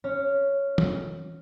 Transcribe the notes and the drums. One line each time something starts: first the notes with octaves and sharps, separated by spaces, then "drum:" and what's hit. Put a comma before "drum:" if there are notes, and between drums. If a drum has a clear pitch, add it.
C#4 C#5
drum: tom E3